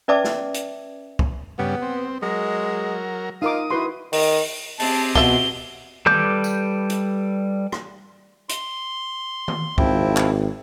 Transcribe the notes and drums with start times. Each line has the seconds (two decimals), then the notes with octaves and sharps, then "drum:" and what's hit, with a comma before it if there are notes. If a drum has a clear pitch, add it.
0.08 C#4 B4 D5 E5 A5 D6
0.24 drum: snare
0.54 drum: hi-hat
1.19 drum: kick
1.59 G2 C#3 G3 B3
1.82 C4
2.22 F#3 G#3 A#4
3.42 D#4 F4 A#4 D6 D#6
3.71 E4 F#4 B4 C6
4.13 D#3, drum: open hi-hat
4.80 C4 G4 G#4 A5, drum: open hi-hat
5.15 B2 F4 E5 G7, drum: kick
6.06 G3 A4 B4 D6 G6, drum: tom D#3
6.44 drum: tambourine
6.90 drum: hi-hat
7.72 drum: rim click
8.49 C6, drum: hi-hat
9.48 drum: tom D#3
9.78 G#1 F3 C4 E4, drum: kick
10.17 drum: clap